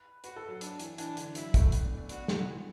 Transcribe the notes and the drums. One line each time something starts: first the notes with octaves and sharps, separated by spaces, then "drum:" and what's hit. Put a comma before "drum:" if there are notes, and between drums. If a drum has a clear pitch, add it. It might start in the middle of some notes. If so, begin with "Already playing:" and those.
Already playing: B4
F#4 B4, drum: hi-hat
A4
F#3
D4, drum: hi-hat
E3, drum: hi-hat
E3 D4, drum: hi-hat
D3, drum: hi-hat
F#3 E4, drum: hi-hat
A3, drum: kick, hi-hat
B3, drum: hi-hat
D4
D4
B3 F#4, drum: hi-hat
F#3, drum: snare
E3